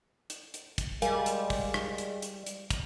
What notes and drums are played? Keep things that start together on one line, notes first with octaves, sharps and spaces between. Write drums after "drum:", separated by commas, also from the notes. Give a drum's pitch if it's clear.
drum: hi-hat
drum: hi-hat
drum: kick, hi-hat
G3 G#3 A#4 F5 G#5, drum: hi-hat
drum: hi-hat
drum: kick, open hi-hat
drum: rim click
drum: hi-hat
drum: hi-hat
drum: hi-hat
drum: kick, hi-hat